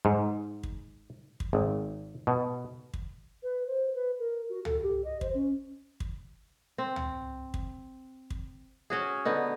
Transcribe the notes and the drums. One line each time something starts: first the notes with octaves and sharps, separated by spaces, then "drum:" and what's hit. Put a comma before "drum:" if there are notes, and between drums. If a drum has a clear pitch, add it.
G#2
drum: kick
drum: kick
G#1
B2
drum: kick
B4
C5
B4
A#4
F#4
A4, drum: tom C#2
G4
D#5
C5, drum: kick
C#4
drum: kick
C4
drum: tom C#2
drum: kick
drum: kick
C#4 F#4 G#4
D3 B3 D#4